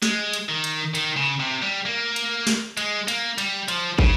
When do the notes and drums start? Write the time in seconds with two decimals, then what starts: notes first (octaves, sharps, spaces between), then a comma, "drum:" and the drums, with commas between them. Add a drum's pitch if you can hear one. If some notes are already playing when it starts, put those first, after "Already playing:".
0.02 G#3, drum: snare
0.33 drum: hi-hat
0.49 D#3
0.64 drum: hi-hat
0.95 D#3, drum: hi-hat
1.17 C#3
1.40 C3
1.62 G3
1.86 A#3
2.16 drum: hi-hat
2.47 drum: snare
2.77 G#3, drum: hi-hat
3.08 A#3, drum: hi-hat
3.38 G3, drum: hi-hat
3.68 F3, drum: hi-hat
3.99 C#3, drum: kick